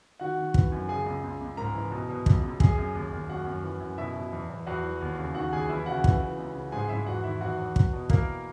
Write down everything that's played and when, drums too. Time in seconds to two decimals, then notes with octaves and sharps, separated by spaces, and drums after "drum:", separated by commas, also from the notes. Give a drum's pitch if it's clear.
0.20 D#3 F#4 F#5
0.37 D#3
0.54 E3, drum: kick
0.72 F#2
0.89 C#3 G#4 G#5
1.06 C#2
1.24 C#2
1.41 C#2
1.57 G#2 A#4 A#5
1.75 E3
1.91 B2
2.09 B2
2.26 C#2, drum: kick
2.43 C#2
2.60 F#2 G#4 G#5, drum: kick
2.78 F#2
2.95 D#2
3.12 D#2
3.29 F#2 F#4 F#5
3.46 F#2
3.64 E3
3.80 F#2
3.98 B2 E4 E5
4.15 B2
4.32 E2
4.50 E2
4.67 E2 F#4 F#5
4.83 E3
5.01 D#2
5.18 C#3
5.35 D#3 F#4 F#5
5.52 D#2 G#4 G#5
5.69 E3 E4 E5
5.86 C#3 F#4 F#5
6.04 E3, drum: kick
6.22 E3
6.38 C#2
6.55 C#3
6.72 G#2 G#4 G#5
6.89 G#2 E4 E5
7.06 E2 F#4 F#5
7.23 D#3 E4 E5
7.41 E2 F#4 F#5
7.58 E2
7.76 E2, drum: kick
7.93 B2
8.10 E3 A#3 A#4, drum: kick